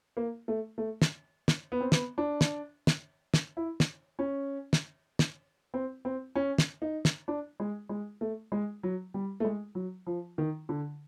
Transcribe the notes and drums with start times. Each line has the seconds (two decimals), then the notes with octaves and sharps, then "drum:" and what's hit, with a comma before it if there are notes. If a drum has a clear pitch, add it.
0.17 A#3
0.48 A3
0.78 A3
1.02 drum: snare
1.48 drum: snare
1.72 B3
1.81 C4
1.92 B3, drum: snare
2.18 D4
2.41 drum: snare
2.87 drum: snare
3.34 drum: snare
3.57 E4
3.80 drum: snare
4.19 C#4
4.73 drum: snare
5.19 drum: snare
5.74 C4
6.05 C4
6.35 C#4
6.58 drum: snare
6.82 D#4
7.05 drum: snare
7.28 D4
7.60 G#3
7.89 G#3
8.21 A3
8.52 G#3
8.83 F#3
9.14 G3
9.40 A3
9.45 G#3
9.75 F#3
10.07 F3
10.38 D#3
10.69 D3